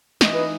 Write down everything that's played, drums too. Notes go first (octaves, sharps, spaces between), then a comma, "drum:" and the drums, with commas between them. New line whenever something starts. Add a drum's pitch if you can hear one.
E3 D#5, drum: snare
D#4 B4